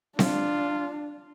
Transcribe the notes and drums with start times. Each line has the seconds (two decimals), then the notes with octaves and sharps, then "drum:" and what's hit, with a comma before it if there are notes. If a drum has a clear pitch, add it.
0.19 D4 F4, drum: snare C4